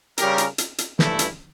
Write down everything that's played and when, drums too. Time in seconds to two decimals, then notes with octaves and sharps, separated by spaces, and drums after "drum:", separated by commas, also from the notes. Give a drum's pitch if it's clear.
0.18 C#3 G3 C#4 G4 A#4, drum: hi-hat
0.38 drum: hi-hat
0.58 drum: hi-hat
0.78 drum: hi-hat
0.99 G2 E3 A3 E4, drum: snare
1.19 drum: hi-hat